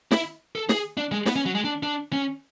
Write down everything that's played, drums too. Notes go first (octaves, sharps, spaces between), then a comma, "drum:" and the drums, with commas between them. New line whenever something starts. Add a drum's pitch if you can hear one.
E4, drum: snare
A4
G#4, drum: snare
D4
G#3
B3, drum: snare
C#4
F#3
G#3
D4
D4
C#4